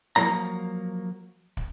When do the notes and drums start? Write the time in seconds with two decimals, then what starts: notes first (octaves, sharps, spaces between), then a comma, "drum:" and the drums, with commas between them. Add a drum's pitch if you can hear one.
0.16 F3 F#3 A#3 A#5, drum: snare
1.57 drum: kick